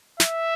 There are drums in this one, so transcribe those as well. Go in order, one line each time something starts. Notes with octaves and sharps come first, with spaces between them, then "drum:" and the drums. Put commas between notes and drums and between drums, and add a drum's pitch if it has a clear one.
E5, drum: snare